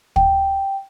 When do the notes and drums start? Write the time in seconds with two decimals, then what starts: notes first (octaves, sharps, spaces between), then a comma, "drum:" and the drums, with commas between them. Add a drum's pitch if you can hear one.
0.16 G5, drum: kick